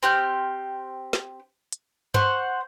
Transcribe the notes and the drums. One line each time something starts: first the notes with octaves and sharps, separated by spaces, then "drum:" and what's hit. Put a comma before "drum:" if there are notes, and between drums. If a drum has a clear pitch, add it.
C4 G4 F6 G6
drum: snare
drum: hi-hat
C5 F#5 C#6, drum: tom G2